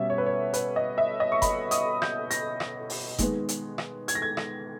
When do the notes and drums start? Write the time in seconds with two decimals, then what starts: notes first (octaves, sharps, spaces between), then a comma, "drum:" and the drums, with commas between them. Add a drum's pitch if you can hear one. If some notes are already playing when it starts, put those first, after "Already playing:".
Already playing: B2 G3 C#4 E5
0.10 C#5
0.18 B4
0.26 C#5
0.54 B4, drum: hi-hat
0.76 D#5
0.98 E5
1.20 D#5
1.32 C#6
1.42 B5, drum: kick F#1, hi-hat
1.71 D#6, drum: hi-hat
2.02 G6, drum: rim click
2.31 A#6, drum: hi-hat
2.60 drum: rim click
2.90 drum: open hi-hat
3.18 D#3 G#3 B3, drum: kick F#1, hi-hat
3.49 drum: hi-hat
3.78 drum: rim click
4.08 G#6, drum: hi-hat
4.15 A#6
4.22 G#6
4.37 drum: rim click